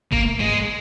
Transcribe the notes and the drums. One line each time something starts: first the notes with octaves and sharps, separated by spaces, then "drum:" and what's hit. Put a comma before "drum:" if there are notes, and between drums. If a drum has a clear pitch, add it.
A#3, drum: kick
G#3, drum: tom G#2